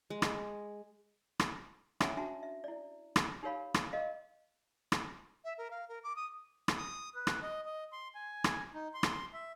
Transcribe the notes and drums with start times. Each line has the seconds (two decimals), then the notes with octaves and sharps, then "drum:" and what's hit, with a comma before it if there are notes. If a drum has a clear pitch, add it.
0.10 G#3
0.22 drum: rim click
1.39 drum: rim click
2.00 C#4 E4 C#5 E5 F#5 G#5, drum: rim click
2.17 D4 F#4 E5 A5
2.43 E5
2.64 E4 D5
3.16 drum: rim click
3.43 D#4 G4 A#4 C#5 F5 B5
3.74 drum: rim click
3.93 A#4 D#5 F5
4.92 drum: rim click
5.44 E5
5.58 A#4
5.71 F5
5.89 A#4
6.04 D6
6.16 D#6
6.68 drum: rim click
6.77 D#6
7.15 B4
7.27 drum: rim click
7.42 D#5
7.65 D#5
7.92 C6
8.15 G#5
8.44 drum: rim click
8.74 D#4
8.94 C6
9.03 drum: rim click
9.33 E5